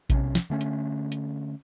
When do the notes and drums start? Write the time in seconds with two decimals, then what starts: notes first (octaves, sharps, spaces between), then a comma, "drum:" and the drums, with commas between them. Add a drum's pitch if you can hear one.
0.10 B1 C3 E3 C#4, drum: kick, hi-hat
0.35 drum: snare
0.50 D3 A3 C#4
0.61 drum: hi-hat
1.12 drum: hi-hat